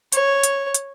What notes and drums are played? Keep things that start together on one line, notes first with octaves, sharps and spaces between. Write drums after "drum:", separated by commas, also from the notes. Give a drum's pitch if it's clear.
C#5, drum: hi-hat
drum: hi-hat
drum: hi-hat